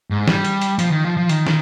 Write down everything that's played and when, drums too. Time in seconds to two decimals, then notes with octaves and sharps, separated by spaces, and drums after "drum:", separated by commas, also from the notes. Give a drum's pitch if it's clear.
0.10 G#2
0.28 G3, drum: snare
0.44 drum: hi-hat
0.62 drum: hi-hat
0.79 F3, drum: hi-hat
0.91 D#3
1.04 F3
1.17 F3
1.29 D#3, drum: hi-hat
1.47 drum: snare